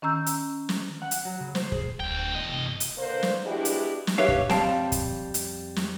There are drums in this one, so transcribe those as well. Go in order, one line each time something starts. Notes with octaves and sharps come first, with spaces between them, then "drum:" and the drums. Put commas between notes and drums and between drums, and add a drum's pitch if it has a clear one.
D#3 C#4 A#5 E6 G6
drum: hi-hat
drum: snare
F#5
drum: hi-hat
F#3
C#3
C5, drum: snare
G#4, drum: kick
D1 D2 G5
E2 D#3 D#5
G2 C3
drum: hi-hat
D3 A#3 B4 C5
drum: snare
G#3 B3 D4 E4 F#4 G4
drum: hi-hat
drum: snare
G4 B4 C#5 E5 F5
drum: kick
F2 G3 C4 F5 G5 A5, drum: snare
drum: kick, hi-hat
drum: hi-hat
drum: snare